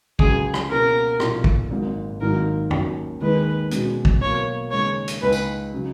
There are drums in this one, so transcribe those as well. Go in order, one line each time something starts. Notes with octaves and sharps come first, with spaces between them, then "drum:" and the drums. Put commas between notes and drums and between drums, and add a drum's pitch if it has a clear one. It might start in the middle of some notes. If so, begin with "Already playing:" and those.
C#2 C#3 F#3 G#4, drum: kick
drum: rim click
B2 A#3 C#4 F#4 A#4
B1 A#2 F3, drum: rim click
drum: kick
G#1 G#2 F#3 A#3
G#1 G#2 D#3 F#3 A#3 A#4
D#2 D#3 F#3 C#4, drum: tom
D#2 D#3 G#3 B4
B2 G#3 C#4 F#4, drum: hi-hat
drum: kick
B2 F#3 A#3 C#5
D#2 C#3 G#3 C#5
drum: hi-hat
C#2 C#3 G#3 D#4 G#4 B4
drum: tambourine
C#3 F#3